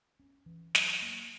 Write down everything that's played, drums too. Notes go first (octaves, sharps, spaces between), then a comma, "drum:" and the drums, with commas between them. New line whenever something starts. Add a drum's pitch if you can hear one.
C#4
E3
F#3, drum: snare
A#3